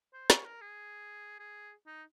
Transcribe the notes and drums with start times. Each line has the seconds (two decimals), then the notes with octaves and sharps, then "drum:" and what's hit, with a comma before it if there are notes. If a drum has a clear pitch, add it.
0.14 C5
0.30 C#5, drum: snare
0.45 A#4
0.61 G#4
1.39 G#4
1.86 D#4